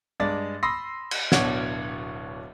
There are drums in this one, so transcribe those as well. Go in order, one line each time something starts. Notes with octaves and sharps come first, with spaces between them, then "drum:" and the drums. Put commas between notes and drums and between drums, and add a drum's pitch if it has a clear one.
G2 G#3 D5 A6
B5 C6 D#6 E6 A#6 C7
drum: cymbal
D1 B2 D4 C#5 F#5 G#6, drum: snare